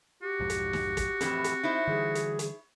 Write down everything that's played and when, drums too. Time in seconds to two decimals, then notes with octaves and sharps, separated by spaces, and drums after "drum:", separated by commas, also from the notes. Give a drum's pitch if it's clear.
0.22 F#4 G4
0.40 B1 F2 G#2
0.50 drum: hi-hat
0.73 drum: snare
0.97 drum: kick, hi-hat
1.21 F2 A2 E3 C4, drum: hi-hat
1.44 drum: hi-hat
1.63 D#4 E4 C5
1.88 D3 E3 G3 G#4
2.15 drum: hi-hat
2.39 drum: hi-hat